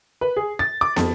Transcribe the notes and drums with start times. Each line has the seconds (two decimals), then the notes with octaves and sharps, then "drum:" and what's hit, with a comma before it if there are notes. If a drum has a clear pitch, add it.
0.21 B4
0.37 G#4
0.59 A6
0.81 D6
0.96 F2, drum: snare